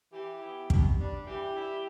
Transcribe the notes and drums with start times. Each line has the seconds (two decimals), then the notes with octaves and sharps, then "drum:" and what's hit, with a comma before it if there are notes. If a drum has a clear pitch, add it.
0.13 E3 G4
0.41 B3 E4
0.70 B2, drum: kick
0.99 G3 D4
1.26 E3 G4
1.55 G3 E4